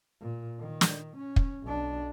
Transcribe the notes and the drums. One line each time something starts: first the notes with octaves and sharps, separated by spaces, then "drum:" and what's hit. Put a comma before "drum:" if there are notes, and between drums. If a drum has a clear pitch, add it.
A#2
D#3
drum: snare
C#4
drum: kick
B1 D4